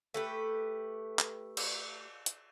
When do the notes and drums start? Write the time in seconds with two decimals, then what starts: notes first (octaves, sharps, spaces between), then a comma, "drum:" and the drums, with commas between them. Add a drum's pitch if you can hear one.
0.14 A3 G4 B4
1.19 drum: clap
1.57 drum: cymbal
2.26 drum: hi-hat